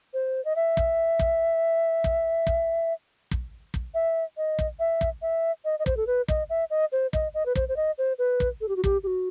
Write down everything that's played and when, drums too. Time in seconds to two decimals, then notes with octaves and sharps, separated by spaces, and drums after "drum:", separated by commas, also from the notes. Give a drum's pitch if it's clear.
0.14 C5
0.45 D#5
0.56 E5
0.77 drum: kick
1.19 drum: kick
2.04 drum: kick
2.47 drum: kick
3.31 drum: kick
3.74 drum: kick
3.94 E5
4.37 D#5
4.59 drum: kick
4.79 E5
5.01 drum: kick
5.22 E5
5.65 D#5
5.79 D#5
5.86 C5, drum: kick
5.97 A4
6.07 B4
6.28 D#5, drum: kick
6.50 E5
6.70 D#5
6.92 C5
7.13 D#5, drum: kick
7.34 D#5
7.46 B4
7.55 C5, drum: kick
7.69 C5
7.77 D#5
7.98 C5
8.19 B4
8.40 drum: kick
8.61 A4
8.69 G4
8.76 F#4
8.84 G4, drum: kick
9.03 G4
9.07 F#4